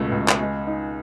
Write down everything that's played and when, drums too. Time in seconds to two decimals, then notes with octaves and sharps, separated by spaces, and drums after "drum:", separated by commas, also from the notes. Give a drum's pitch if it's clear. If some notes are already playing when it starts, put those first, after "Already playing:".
Already playing: C#2 B2 A3
0.12 C#2
0.28 drum: clap
0.40 G#3
0.67 D#4